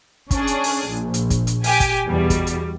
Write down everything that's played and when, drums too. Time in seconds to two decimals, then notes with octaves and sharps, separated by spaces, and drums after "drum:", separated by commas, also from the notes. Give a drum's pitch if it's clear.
0.31 C#4 D4 G#4, drum: kick, hi-hat
0.47 drum: hi-hat
0.64 drum: open hi-hat
0.88 A#1
1.14 drum: hi-hat
1.30 drum: kick, hi-hat
1.47 drum: hi-hat
1.64 G4 G#5, drum: open hi-hat
1.80 drum: kick, hi-hat
2.05 E2 B2 G3
2.30 drum: kick, hi-hat
2.47 drum: hi-hat